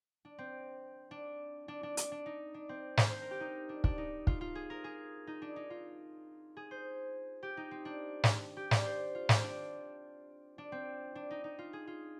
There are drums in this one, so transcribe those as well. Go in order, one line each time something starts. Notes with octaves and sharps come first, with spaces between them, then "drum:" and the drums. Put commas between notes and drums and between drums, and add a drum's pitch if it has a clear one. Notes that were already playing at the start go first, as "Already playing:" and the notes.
D4
C4
D4
D4
D4
D4, drum: hi-hat
D4
D#4
D4
C4
C5, drum: snare
C5
A#4
G4
D#4
D4
D4, drum: kick
D#4
F4, drum: kick
F4
G#4
A#4
G#4
D#4
D4
D#4
F4
G#4
C5
G4
D#4
C4
D4
drum: snare
G4
D5, drum: snare
C5
F4
C4, drum: snare
D4
D4
C4
D4
D#4
D#4
F4
G#4
F4